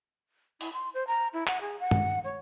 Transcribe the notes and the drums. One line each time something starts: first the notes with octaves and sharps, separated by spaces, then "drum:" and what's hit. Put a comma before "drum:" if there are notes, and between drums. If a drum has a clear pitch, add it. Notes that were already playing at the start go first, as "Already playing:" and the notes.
E4, drum: open hi-hat
C6
C5
A#5
E4
F#5, drum: clap
G#4
F#5
drum: tom G2
C#5